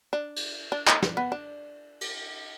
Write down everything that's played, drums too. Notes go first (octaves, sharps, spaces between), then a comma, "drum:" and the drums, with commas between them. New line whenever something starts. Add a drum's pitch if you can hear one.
D4
drum: cymbal
D4
D#4, drum: clap
D4, drum: snare
B3
D4
drum: cymbal